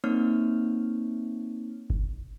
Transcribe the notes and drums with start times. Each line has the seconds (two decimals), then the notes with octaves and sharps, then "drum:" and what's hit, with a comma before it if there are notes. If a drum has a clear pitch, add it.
0.04 A#3 C4 D#4 C#5 F6
1.90 drum: kick G1